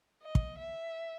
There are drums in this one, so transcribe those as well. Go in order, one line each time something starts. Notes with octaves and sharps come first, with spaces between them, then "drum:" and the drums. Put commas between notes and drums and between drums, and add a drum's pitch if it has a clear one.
D#5
drum: kick
E5